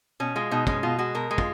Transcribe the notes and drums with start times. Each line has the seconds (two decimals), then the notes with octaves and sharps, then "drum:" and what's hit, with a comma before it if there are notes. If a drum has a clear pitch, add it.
0.20 B2 C#4
0.36 G#3 F4
0.51 B2 D#4
0.67 G#3 C#4, drum: kick
0.83 B2 F4
0.98 G#3 F#4
1.15 B2 A#4
1.31 G#3
1.38 F4, drum: kick